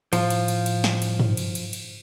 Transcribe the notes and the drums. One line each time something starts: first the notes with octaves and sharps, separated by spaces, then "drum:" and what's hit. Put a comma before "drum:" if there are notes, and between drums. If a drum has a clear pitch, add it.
A2 F3, drum: cymbal
drum: cymbal
drum: cymbal
drum: cymbal
drum: snare
drum: cymbal
drum: tom
drum: cymbal
drum: cymbal
drum: cymbal